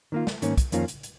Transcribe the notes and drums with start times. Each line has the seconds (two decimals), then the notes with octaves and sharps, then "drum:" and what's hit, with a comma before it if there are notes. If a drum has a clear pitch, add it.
0.12 D#3 A#3 F4
0.27 drum: snare
0.42 G#2 D#3 A#3 C#4, drum: hi-hat
0.58 drum: kick, hi-hat
0.72 F2 D#3 A#3 C#4 F4, drum: hi-hat
0.88 drum: hi-hat
1.03 drum: hi-hat